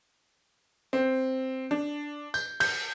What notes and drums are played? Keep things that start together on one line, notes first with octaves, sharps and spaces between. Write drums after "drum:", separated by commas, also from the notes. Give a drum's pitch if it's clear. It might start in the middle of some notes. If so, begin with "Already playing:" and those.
C4
D4
G6, drum: tambourine
G6, drum: cymbal